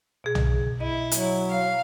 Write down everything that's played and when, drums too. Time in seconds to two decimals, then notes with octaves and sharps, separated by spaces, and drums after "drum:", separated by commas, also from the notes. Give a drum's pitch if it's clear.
0.24 B2 G#4
0.35 drum: tom B1
0.80 E4 D#5
1.11 F#3, drum: hi-hat
1.50 F5